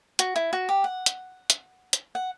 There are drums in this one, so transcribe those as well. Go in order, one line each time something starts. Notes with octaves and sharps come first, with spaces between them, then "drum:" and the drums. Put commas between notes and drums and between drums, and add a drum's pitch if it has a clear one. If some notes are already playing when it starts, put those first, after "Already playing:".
F#4, drum: hi-hat
E4
F#4
G4
F#5
drum: hi-hat
drum: hi-hat
drum: hi-hat
F#5